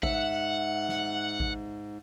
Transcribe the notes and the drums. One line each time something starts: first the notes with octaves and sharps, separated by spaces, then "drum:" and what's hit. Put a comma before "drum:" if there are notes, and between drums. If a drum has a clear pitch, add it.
G#2 E5 F#5, drum: kick A1
drum: snare
drum: kick A1